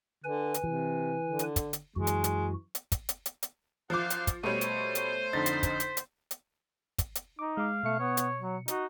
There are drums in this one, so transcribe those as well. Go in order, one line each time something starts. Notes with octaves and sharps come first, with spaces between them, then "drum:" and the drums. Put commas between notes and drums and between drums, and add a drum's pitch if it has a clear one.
D3 B4 G#5
drum: hi-hat
C3 E3
D3
drum: hi-hat
drum: kick, hi-hat
drum: hi-hat
F#2 E3 G#3 F#4
drum: hi-hat
drum: hi-hat
drum: hi-hat
drum: kick, hi-hat
drum: hi-hat
drum: hi-hat
drum: hi-hat
F#2 F3 C5 F5 D6 F#6
drum: hi-hat
drum: kick, hi-hat
B2 G3 A3 C5 C#5 D#7
drum: hi-hat
drum: hi-hat
F2 D3 D#4 A6 B6
drum: hi-hat
drum: kick, hi-hat
drum: hi-hat
drum: hi-hat
drum: hi-hat
drum: kick, hi-hat
drum: hi-hat
D#4 D6
G#3 F5 D6
B2 A3 C#7
B3 C#5
drum: hi-hat
F#3
D#4 F#4, drum: hi-hat